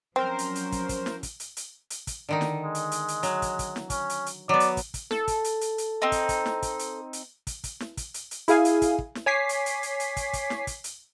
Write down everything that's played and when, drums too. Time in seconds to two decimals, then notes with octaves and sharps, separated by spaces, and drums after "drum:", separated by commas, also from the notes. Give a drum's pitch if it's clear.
0.16 F3 F#3 C4 C#4 A#4 C5
0.39 drum: hi-hat
0.55 drum: hi-hat
0.72 drum: kick, hi-hat
0.89 drum: kick, hi-hat
1.06 drum: snare
1.23 drum: kick, hi-hat
1.40 drum: hi-hat
1.57 drum: hi-hat
1.90 drum: hi-hat
2.07 drum: kick, hi-hat
2.29 D3 D#3 D#4
2.41 drum: snare
2.64 G#3
2.75 drum: hi-hat
2.91 drum: hi-hat
3.08 drum: hi-hat
3.23 F#3, drum: hi-hat
3.42 drum: kick, hi-hat
3.59 drum: kick, hi-hat
3.76 drum: snare
3.90 C#4, drum: kick, hi-hat
4.10 drum: hi-hat
4.26 drum: hi-hat
4.49 F#3 B3 D5
4.60 drum: hi-hat
4.77 drum: kick, hi-hat
4.94 drum: kick, hi-hat
5.11 A4, drum: snare
5.28 drum: kick, hi-hat
5.44 drum: hi-hat
5.61 drum: hi-hat
5.78 drum: hi-hat
6.02 C4 D#4
6.12 drum: kick, hi-hat
6.29 drum: kick, hi-hat
6.46 drum: snare
6.62 drum: kick, hi-hat
6.79 drum: hi-hat
7.13 drum: hi-hat
7.47 drum: kick, hi-hat
7.64 drum: kick, hi-hat
7.80 drum: snare
7.97 drum: kick, hi-hat
8.14 drum: hi-hat
8.31 drum: hi-hat
8.48 E4 G#4 F5 G#5, drum: hi-hat
8.65 drum: hi-hat
8.82 drum: kick, hi-hat
8.99 drum: kick
9.15 drum: snare
9.26 C#5 G#5 D6 B6 C7
9.49 drum: hi-hat
9.66 drum: hi-hat
9.83 drum: hi-hat
10.00 drum: hi-hat
10.17 drum: kick, hi-hat
10.33 drum: kick, hi-hat
10.50 drum: snare
10.67 drum: kick, hi-hat
10.84 drum: hi-hat